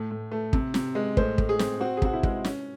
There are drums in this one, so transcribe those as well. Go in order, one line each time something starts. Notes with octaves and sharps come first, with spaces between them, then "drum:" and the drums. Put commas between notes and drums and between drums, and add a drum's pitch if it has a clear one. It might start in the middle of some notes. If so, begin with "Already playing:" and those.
Already playing: A2 A3
A2
A3
C3, drum: kick
C3, drum: snare
G#3
A2 C5, drum: kick
A2, drum: kick
G#4
C4, drum: snare
C4 F#4
G#4
C3 F#4, drum: kick
E4
G#3, drum: kick
C#4, drum: snare